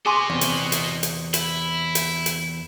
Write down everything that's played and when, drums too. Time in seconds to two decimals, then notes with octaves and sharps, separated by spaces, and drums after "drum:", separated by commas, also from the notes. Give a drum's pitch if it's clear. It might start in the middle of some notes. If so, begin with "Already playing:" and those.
0.06 F#4 G#4 D#5 G#5 C6
0.30 E2 C3
0.41 drum: hi-hat
0.72 drum: hi-hat
1.03 drum: hi-hat
1.34 E4, drum: hi-hat
1.95 drum: hi-hat
2.26 drum: hi-hat